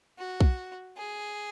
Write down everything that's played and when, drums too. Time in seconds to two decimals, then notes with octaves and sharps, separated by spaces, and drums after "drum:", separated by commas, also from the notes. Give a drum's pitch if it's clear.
0.19 F#4
0.41 drum: kick B1
0.97 G#4